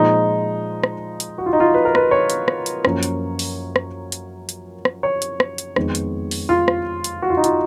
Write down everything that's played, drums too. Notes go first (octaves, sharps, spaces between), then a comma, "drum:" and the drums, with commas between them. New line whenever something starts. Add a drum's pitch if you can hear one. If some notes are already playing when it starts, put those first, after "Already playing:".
Already playing: A#2 F3 G#3 D#4
drum: rim click
drum: hi-hat
F#4
F4
D#4
F4
B4
A#4
B4, drum: rim click
C#5
drum: hi-hat
drum: rim click
drum: hi-hat
F#2 F3 A#3 C#4, drum: rim click
drum: hi-hat
drum: open hi-hat
drum: rim click
drum: hi-hat
drum: hi-hat
drum: rim click
C#5
drum: hi-hat
drum: rim click
drum: hi-hat
F2 D#3 G#3 B3, drum: rim click
drum: hi-hat
drum: open hi-hat
F4
drum: rim click
drum: hi-hat
F#4
F4
D#4
F4, drum: hi-hat